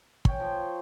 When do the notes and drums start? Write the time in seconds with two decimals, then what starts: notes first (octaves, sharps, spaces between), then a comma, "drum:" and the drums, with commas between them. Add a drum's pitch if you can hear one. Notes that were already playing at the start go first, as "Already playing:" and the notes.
0.25 C#5 G5, drum: kick
0.40 F3